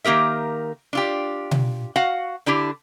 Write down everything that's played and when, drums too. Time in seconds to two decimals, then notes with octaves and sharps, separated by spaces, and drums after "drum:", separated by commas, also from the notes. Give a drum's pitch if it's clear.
0.04 D#3 A#3 G4 A#4 E5
0.93 D4 F4 G4
1.51 drum: tom B2
1.96 F#4 F5 F#5
2.46 D3 D4 E4 G4